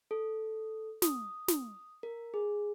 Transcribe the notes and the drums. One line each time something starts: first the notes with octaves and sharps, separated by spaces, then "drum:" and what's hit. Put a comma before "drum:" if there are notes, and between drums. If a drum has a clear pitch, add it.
A4
D#6, drum: snare
drum: snare
A#4
G#4